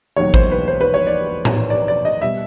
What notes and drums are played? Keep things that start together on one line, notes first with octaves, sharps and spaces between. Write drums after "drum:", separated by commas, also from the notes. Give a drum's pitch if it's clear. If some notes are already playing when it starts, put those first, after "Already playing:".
E1 D#2 D#3 F#3 C#5
C5, drum: kick G#1
B4
C5
B4
C#5
D5
drum: tom A2
D5
D5
D#5
B2 G3 E5